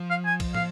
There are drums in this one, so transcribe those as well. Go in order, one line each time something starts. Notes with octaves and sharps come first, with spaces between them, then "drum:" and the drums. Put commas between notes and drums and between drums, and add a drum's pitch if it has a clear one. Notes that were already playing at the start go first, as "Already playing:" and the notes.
Already playing: F3
F5
G#5
drum: kick B1, cymbal
F5, drum: tom